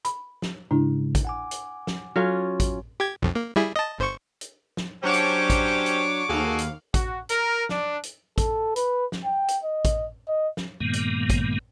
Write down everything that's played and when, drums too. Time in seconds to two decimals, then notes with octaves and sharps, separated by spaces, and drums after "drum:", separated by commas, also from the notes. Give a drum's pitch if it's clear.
0.05 B5, drum: hi-hat
0.42 drum: snare
0.71 G#2 C#3 G#3 D4 E4
1.15 drum: kick, hi-hat
1.25 F#5 G#5 D6
1.51 drum: hi-hat
1.87 drum: snare
2.16 F#3 C#4 F4 A4
2.60 drum: kick, hi-hat
3.00 G4 G#6
3.22 B1 F2
3.35 A#3
3.56 G3 E4 G#4
3.76 D#5 A5
3.99 G1 C5 C#6
4.41 drum: hi-hat
4.77 drum: snare
5.04 F#3 C#4 D4 G4 C5 C#5 C#6 D6
5.14 drum: hi-hat
5.50 drum: kick, hi-hat
5.86 drum: hi-hat
6.29 D#2 F#4 G#4 A4 F5
6.58 drum: hi-hat
6.94 F#4, drum: kick, hi-hat
7.29 A#4, drum: hi-hat
7.69 D4, drum: snare
8.03 drum: hi-hat
8.38 A4, drum: kick, hi-hat
8.76 B4, drum: hi-hat
9.12 drum: snare
9.25 G5
9.48 drum: hi-hat
9.64 D#5
9.85 drum: kick, hi-hat
10.28 D#5
10.57 drum: snare
10.80 G2 A#2 D#3 G#3 A#3 B3
10.93 drum: hi-hat
11.30 drum: kick, hi-hat